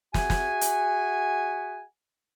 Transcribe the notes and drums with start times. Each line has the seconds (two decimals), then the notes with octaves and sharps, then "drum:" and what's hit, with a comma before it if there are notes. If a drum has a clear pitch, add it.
0.14 F#4 G#4 E5 F#5 G#5, drum: snare
0.30 drum: snare
0.61 drum: hi-hat